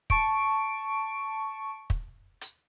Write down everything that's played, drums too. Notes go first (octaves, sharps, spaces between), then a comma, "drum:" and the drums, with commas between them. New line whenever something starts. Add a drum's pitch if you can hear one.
A5 C#6 D7, drum: kick
drum: kick
drum: hi-hat